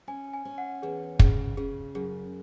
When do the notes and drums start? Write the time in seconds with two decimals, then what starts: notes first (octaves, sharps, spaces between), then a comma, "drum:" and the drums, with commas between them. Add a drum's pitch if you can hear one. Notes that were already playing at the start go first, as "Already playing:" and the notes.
0.08 C#4 G#5
0.33 G#5
0.45 C#4
0.58 F#5
0.83 E2 G#4
1.19 C#3 G#4, drum: kick
1.57 C#3 G#4
1.95 F#2 G#4